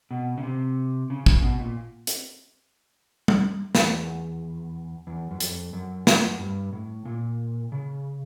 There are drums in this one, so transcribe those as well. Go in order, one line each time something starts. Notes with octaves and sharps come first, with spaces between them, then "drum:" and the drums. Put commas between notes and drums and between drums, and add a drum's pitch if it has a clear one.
B2
C#3
C3
C#3
C#3, drum: kick
B2
A#2
drum: hi-hat
drum: tom G3
E2, drum: snare
E2
F#2
F2, drum: hi-hat
F#2
F#2, drum: snare
G2
A2
A#2
C#3